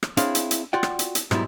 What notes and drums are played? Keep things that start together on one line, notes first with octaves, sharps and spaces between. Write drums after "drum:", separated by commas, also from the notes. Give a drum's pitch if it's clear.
drum: rim click
C4 D4 E4 G#4 C#5 F5, drum: hi-hat
drum: hi-hat
drum: hi-hat
F4 F#4 D5 F#5 G5
drum: rim click
drum: hi-hat
drum: hi-hat
G#2 B2 F#3 G3 E4, drum: rim click